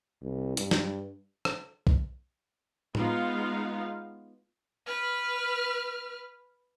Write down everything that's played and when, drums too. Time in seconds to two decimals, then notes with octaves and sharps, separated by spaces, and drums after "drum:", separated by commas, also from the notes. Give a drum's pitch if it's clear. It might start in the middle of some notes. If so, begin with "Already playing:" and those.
0.22 C2
0.57 G2, drum: hi-hat
0.71 drum: snare
1.45 drum: rim click
1.87 drum: kick
2.95 G#3 B3 D#4 F4 F5, drum: tom A2
4.86 B4 F6